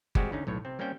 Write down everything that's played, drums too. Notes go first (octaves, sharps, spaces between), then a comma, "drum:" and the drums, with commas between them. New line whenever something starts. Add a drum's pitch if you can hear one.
G3 G#3 C4 F#4 G4, drum: kick G1
D3 C#4 D#4
B1 A2 C#5
C3 C4
G3 A#3 C4 C#4 G5